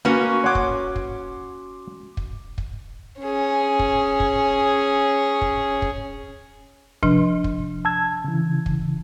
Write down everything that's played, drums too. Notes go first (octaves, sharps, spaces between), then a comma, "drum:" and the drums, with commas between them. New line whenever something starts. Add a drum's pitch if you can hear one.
A#3 C#4 F#4 B4
C#5 F#5 C6 D6
drum: kick
drum: kick
drum: kick
drum: kick
C#4 G#4
drum: kick
drum: kick
drum: kick
drum: kick
C3 F3 D4, drum: kick
drum: kick
A5 E6 G#6
C#3 E3
drum: kick